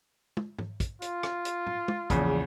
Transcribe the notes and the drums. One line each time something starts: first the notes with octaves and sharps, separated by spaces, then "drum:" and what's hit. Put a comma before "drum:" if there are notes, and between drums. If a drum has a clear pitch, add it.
drum: tom
drum: tom
drum: kick, hi-hat
F4, drum: hi-hat
drum: rim click
drum: hi-hat
drum: tom
drum: tom
A#1 E2 C#3, drum: kick, hi-hat